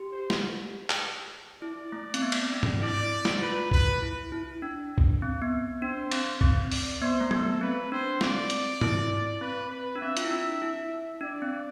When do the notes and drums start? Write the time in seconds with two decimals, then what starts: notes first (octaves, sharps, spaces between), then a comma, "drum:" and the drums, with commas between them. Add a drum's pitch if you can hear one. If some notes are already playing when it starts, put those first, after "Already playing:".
Already playing: G4
0.12 C5
0.30 drum: snare
0.90 drum: clap
1.61 E4 D5
1.92 A3
2.14 C4, drum: hi-hat
2.22 B3
2.32 drum: cymbal
2.52 D4
2.63 drum: tom G#2
2.82 E4 D5
3.25 drum: snare
3.41 F4 B4
3.71 B4, drum: kick B1
4.02 E4
4.32 E4
4.62 D4
4.98 drum: kick B1
5.22 C4
5.42 B3
5.82 D4 C5
6.12 C4, drum: cymbal
6.41 C4, drum: kick B1
6.72 D5, drum: open hi-hat
7.01 B3 C5
7.21 A3
7.31 B3 A4, drum: tom F#3
7.61 C4 B4
7.92 D4 C5
8.21 C4 D5, drum: snare
8.50 drum: hi-hat
8.81 E4, drum: tom G#2
9.41 C4 B4
9.71 B4
9.95 D4
10.01 C4 E5
10.17 F4, drum: hi-hat
10.25 E4
10.31 D4
10.62 E4
11.21 D4 D5
11.42 C4